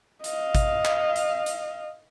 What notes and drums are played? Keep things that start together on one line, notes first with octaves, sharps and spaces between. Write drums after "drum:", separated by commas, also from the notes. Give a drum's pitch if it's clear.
D#5 F5, drum: hi-hat
drum: kick G#1, hi-hat
drum: clap
drum: hi-hat
drum: hi-hat